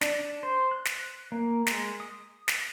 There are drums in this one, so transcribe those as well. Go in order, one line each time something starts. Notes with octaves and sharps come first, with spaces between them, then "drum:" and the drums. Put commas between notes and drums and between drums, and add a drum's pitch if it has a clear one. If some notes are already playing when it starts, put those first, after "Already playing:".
D4, drum: snare
C5
F#6
drum: snare
A#3
G#3, drum: snare
D#6
drum: snare